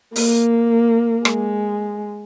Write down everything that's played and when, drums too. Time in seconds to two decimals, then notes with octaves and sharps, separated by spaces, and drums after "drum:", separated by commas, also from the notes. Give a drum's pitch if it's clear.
0.16 A#3, drum: open hi-hat
1.25 G#3, drum: rim click